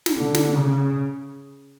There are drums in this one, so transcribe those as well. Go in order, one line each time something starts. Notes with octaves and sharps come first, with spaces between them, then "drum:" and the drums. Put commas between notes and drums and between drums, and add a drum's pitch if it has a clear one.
drum: snare
D3
drum: snare
C#3